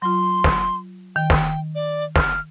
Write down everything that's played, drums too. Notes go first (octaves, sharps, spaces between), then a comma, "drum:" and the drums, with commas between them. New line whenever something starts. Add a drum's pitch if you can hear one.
F#3 F4 C6
drum: snare
D#3 G5
drum: snare
D5
F6, drum: snare